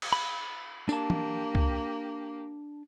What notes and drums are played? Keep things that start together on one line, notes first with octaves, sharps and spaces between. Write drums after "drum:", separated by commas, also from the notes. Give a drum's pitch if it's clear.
drum: cymbal
B5
A#3 D4 G4 A5, drum: tambourine
drum: tom
drum: kick